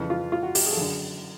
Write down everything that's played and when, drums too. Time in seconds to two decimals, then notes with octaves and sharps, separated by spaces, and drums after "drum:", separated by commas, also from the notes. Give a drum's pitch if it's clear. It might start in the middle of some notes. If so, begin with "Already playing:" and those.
Already playing: F2 C#3 E3
0.10 F4
0.32 F4
0.43 F#4
0.55 G4, drum: open hi-hat
0.66 G#4
0.72 A4
0.77 F#2 D3 G#4